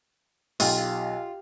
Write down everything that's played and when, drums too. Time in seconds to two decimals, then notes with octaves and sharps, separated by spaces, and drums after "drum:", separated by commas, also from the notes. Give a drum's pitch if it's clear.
0.60 B1 F4 G4, drum: open hi-hat